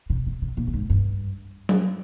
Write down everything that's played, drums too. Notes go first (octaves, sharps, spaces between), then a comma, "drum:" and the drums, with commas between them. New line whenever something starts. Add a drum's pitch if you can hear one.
C3
C3
C3
A#2
G2
G#2
G2
drum: tom F#3